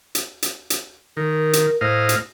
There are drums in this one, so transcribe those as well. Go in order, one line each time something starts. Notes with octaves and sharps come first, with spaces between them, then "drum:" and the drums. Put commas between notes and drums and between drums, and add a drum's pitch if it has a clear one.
drum: hi-hat
drum: hi-hat
drum: hi-hat
D#3 A#4
drum: hi-hat
A2 C5 D#5 F5
drum: hi-hat